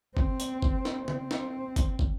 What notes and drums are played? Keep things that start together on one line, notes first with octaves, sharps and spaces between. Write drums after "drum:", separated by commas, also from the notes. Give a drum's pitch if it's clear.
C4, drum: kick
drum: hi-hat
drum: kick
drum: snare
C4, drum: tom C#3
drum: snare
drum: kick, hi-hat
drum: kick